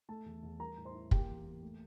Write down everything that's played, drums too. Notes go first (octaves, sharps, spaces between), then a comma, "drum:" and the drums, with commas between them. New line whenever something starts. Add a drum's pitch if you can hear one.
A3 A4 A5
E2
E2
G3 A#4 A#5
A2
C5 C6
E4
A#3 G4 G5, drum: kick
E2
A#3
A3